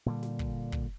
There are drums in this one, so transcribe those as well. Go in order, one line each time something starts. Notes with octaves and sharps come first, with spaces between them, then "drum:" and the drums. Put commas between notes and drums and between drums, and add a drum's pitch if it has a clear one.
A#2 D3 G3
drum: snare
drum: kick
drum: kick